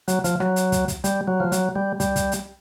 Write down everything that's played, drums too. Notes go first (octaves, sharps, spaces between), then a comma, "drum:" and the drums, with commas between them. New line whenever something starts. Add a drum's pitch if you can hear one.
F#3, drum: hi-hat
F3, drum: hi-hat
F#3, drum: rim click
drum: hi-hat
drum: kick, hi-hat
drum: kick, hi-hat
G3, drum: hi-hat
F#3
F3
F#3, drum: hi-hat
G3
G3, drum: kick, hi-hat
drum: kick, hi-hat
drum: hi-hat